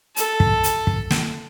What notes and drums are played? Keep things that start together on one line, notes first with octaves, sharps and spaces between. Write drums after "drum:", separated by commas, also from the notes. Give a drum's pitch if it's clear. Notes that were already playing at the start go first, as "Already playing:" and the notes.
A4, drum: hi-hat
drum: kick
drum: hi-hat
drum: kick
drum: snare